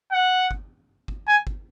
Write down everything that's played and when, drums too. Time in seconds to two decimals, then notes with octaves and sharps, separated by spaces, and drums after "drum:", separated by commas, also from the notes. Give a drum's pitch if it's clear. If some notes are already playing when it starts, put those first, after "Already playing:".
0.12 F#5
0.51 drum: kick G1
1.08 drum: kick G1
1.28 G#5
1.47 drum: kick G1